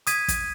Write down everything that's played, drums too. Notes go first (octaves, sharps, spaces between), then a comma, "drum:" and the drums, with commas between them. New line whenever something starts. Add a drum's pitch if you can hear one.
D#6 G#6 B6 D#7, drum: hi-hat
drum: kick, hi-hat